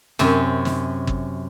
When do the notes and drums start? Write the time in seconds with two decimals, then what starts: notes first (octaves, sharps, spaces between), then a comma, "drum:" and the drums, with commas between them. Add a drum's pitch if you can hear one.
0.19 F#2 C3 C4 C#4, drum: snare
0.65 drum: snare
1.07 drum: kick